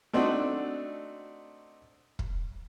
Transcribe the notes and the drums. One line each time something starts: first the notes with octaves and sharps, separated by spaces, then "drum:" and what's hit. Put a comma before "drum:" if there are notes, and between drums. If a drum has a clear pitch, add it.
A3 C4 D4 D#4 F#4
drum: kick